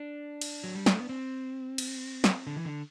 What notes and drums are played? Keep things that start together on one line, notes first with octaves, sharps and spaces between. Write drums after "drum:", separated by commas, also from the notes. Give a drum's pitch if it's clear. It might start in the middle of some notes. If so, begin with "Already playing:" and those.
Already playing: D4
drum: cymbal
F#3
G3
A3, drum: snare
B3
C4
drum: cymbal
drum: snare
D3
E3
D3